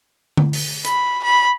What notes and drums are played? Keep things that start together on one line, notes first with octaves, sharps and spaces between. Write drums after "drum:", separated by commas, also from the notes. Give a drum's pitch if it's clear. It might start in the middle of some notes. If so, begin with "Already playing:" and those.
drum: tom D3
drum: open hi-hat
B5, drum: hi-hat
B5